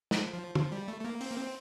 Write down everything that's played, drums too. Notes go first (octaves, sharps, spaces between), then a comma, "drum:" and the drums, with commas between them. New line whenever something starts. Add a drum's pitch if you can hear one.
F3, drum: snare
F3
F3, drum: tom
G3
A3
A3
A#3
C4, drum: open hi-hat
A#3
C4